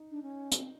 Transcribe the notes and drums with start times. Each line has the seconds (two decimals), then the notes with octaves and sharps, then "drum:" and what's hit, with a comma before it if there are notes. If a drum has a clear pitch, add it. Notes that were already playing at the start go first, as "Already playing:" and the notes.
Already playing: D#4
0.11 D4
0.22 C#4
0.52 C4, drum: hi-hat